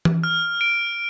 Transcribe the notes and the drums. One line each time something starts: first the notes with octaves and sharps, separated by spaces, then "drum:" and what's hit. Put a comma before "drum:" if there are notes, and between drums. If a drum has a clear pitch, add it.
drum: tom E3
F6
D7